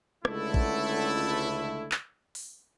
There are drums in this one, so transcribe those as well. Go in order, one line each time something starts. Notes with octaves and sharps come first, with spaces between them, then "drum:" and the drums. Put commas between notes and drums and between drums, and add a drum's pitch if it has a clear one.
C#2 D3 A3 E4, drum: rim click
drum: kick A#1
drum: clap
drum: open hi-hat